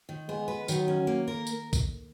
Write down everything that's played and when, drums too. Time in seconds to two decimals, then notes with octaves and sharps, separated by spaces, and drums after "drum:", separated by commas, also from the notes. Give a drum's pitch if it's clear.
0.09 D#3
0.29 G#3 B3
0.48 B4
0.68 D#3 F#3, drum: tambourine
0.88 C#4
1.07 A#3
1.28 A#4
1.47 drum: tambourine
1.73 drum: kick B1, tambourine